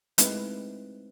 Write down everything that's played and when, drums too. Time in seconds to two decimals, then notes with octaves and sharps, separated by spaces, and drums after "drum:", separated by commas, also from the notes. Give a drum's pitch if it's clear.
0.18 G#3 A3 C4 D#4 E4 B4, drum: hi-hat